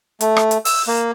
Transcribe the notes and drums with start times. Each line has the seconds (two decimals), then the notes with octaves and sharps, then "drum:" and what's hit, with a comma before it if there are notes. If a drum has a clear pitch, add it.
0.21 A3, drum: hi-hat
0.37 drum: rim click
0.51 drum: hi-hat
0.65 E6, drum: open hi-hat
0.87 A#3